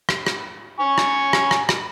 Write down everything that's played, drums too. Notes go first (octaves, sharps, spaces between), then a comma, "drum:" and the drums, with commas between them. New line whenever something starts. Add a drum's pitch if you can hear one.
drum: rim click
drum: rim click
G#5 C#6
drum: rim click
drum: rim click
drum: rim click
drum: rim click